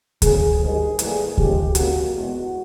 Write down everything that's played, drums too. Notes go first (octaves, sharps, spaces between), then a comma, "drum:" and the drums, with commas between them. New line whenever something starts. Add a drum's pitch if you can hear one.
D2 C#3 F#3 G#4, drum: kick D2, hi-hat
G#2 D#3 G3 G#4
A2 E3 G3 A#3, drum: hi-hat
D#2 C#3 F3 G#3 G4, drum: kick D2
F2 C#3 F#3 A#3 F#4, drum: hi-hat
E2 B2 G#3